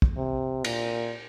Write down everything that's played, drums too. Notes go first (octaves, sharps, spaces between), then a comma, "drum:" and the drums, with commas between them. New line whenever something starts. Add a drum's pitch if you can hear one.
drum: kick
C3
A#2, drum: cymbal